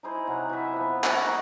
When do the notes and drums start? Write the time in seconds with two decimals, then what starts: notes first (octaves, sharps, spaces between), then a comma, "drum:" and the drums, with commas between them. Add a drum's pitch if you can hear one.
0.03 D#4 E4 G#4 C5
0.27 C3 F#3 F#5
0.49 E3 E5
0.73 F3 B3
1.04 D#4 F#4 A#4 D#5, drum: clap
1.27 G#3 A#3 D#4 A#4